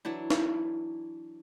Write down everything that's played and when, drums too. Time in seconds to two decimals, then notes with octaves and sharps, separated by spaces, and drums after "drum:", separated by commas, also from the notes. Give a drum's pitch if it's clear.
0.05 E3 F#3 D4 E4
0.30 drum: snare D#4